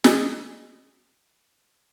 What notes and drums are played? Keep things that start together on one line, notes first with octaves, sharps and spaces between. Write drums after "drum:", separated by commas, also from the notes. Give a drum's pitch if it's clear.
G#4 D#5, drum: snare